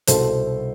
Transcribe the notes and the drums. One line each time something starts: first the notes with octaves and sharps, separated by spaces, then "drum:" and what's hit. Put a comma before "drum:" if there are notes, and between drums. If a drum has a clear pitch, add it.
C2 B2 A4 C5, drum: hi-hat